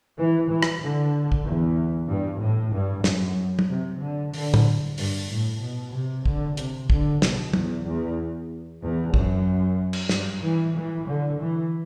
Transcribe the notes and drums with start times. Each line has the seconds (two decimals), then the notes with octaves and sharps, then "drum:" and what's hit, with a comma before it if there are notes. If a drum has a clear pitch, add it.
0.17 E3
0.49 E3
0.63 drum: rim click
0.80 D3
1.32 drum: kick
1.44 E2
2.09 G2
2.41 A2
2.73 G2
3.04 F#2, drum: snare
3.59 drum: tom
3.68 C3
4.00 D3
4.34 D3, drum: open hi-hat
4.54 drum: tom A2
4.98 G2, drum: open hi-hat
5.30 A2
5.62 B2
5.93 C3
6.25 D3, drum: kick
6.57 C3, drum: hi-hat
6.90 D3, drum: kick
7.22 B2, drum: snare
7.53 E2, drum: tom
7.86 E2
8.82 E2
9.14 F#2, drum: kick
9.93 drum: cymbal
10.09 G2, drum: snare
10.43 E3
10.75 E3
11.06 D3
11.39 E3